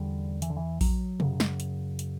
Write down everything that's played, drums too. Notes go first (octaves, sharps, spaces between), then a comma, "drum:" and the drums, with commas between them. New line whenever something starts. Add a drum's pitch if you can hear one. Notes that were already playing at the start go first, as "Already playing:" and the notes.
Already playing: E2 D3 G3
E3, drum: hi-hat
D3
E3
F#3, drum: kick A#1, open hi-hat
F#2 C#3, drum: tom
drum: snare
drum: hi-hat
drum: hi-hat